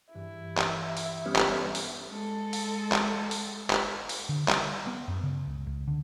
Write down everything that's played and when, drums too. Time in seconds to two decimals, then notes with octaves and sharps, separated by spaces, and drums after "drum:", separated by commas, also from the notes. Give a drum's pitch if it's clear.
0.14 G2 E3 E4
0.58 drum: clap
0.97 drum: open hi-hat
1.26 G3 B3 C#4
1.36 drum: clap
1.75 drum: open hi-hat
2.09 G#3 A4
2.53 drum: open hi-hat
2.92 drum: clap
3.31 drum: open hi-hat
3.70 drum: clap
4.09 drum: open hi-hat
4.29 D3
4.48 G3, drum: clap
4.87 B3
5.08 F#2
5.23 C#3
5.47 C#2
5.67 C#2
5.87 D3